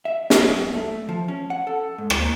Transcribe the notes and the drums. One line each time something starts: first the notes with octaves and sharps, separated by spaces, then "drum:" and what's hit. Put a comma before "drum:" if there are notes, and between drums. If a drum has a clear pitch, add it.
E5
G#4, drum: snare
F#2
A3
F3
C#4
F#5
A4
G#2
drum: rim click
A#3